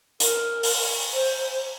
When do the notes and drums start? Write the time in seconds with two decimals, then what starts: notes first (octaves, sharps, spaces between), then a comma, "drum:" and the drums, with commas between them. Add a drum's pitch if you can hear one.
0.20 A#4, drum: hi-hat
0.63 drum: open hi-hat
1.12 C5